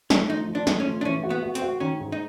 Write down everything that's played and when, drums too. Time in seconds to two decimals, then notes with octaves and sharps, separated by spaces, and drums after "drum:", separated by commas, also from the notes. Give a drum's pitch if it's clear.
0.10 A3 C#4, drum: snare
0.29 F3 D#4
0.48 F3
0.55 D4
0.67 A3, drum: snare
0.80 C#4
0.87 F3
1.01 D4
1.05 E3 C#4
1.23 F#4
1.30 B3
1.43 F#4
1.55 C4, drum: hi-hat
1.62 F#4
1.80 D#3 C#4
2.00 G#2
2.12 D#4